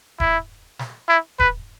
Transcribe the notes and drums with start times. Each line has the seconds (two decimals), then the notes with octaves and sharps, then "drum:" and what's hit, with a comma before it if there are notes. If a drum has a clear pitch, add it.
0.20 E4, drum: kick D#1
0.79 drum: snare
1.09 E4
1.40 B4, drum: kick D#1